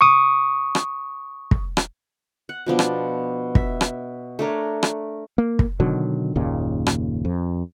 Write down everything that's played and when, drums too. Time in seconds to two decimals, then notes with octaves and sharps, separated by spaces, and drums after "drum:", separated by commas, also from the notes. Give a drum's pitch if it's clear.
0.01 C#6 D#6
0.75 drum: rim click
1.51 drum: kick
1.77 drum: rim click
2.49 F#5
2.66 B2 F3 B3 D4
2.79 drum: rim click
3.55 E5, drum: kick
3.81 drum: rim click
4.39 A3 D4 A#4 C#5
4.83 drum: rim click
5.38 A#3
5.59 drum: kick
5.80 B2 D3 D#3 F#3
6.35 F#1 D#2 A#2 C#3
6.87 drum: rim click
7.25 F2